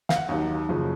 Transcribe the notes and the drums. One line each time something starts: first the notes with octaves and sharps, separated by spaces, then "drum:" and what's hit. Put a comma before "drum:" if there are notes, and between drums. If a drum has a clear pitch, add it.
F5, drum: snare
F#5
D#2 D#3 F#3
F#1 F#2 C#3 F3